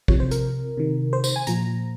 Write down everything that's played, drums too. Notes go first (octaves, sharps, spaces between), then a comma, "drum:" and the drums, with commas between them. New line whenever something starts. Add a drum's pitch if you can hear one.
C3 F3 C#5, drum: kick
C5
A#4, drum: hi-hat
C3 D#3
C5
C5, drum: tambourine
G#5
A#2 F3 A#5, drum: hi-hat